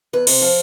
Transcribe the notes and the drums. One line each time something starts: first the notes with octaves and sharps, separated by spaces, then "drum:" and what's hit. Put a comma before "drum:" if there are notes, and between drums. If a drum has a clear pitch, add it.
E2 B4
C3 C5, drum: cymbal
F3